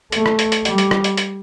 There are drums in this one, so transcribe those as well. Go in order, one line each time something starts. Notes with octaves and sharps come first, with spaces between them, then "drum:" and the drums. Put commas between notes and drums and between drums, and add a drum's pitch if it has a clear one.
A3, drum: hi-hat
drum: rim click
drum: hi-hat
drum: hi-hat
G3, drum: hi-hat
drum: hi-hat
drum: rim click
drum: hi-hat
drum: hi-hat